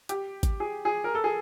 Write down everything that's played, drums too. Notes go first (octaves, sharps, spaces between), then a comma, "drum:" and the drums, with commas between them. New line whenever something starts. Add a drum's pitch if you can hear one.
G4, drum: hi-hat
drum: kick G#1, hi-hat
G#4
G#4
A#4
A4
G#4